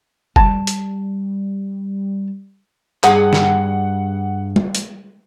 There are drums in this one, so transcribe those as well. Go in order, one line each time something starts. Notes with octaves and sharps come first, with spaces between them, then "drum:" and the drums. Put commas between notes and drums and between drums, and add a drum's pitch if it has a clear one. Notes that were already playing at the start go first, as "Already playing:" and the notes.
G3 A5, drum: kick F#1
drum: hi-hat
G2 G#4 F5 F#5, drum: clap
drum: snare
drum: tom G3
drum: hi-hat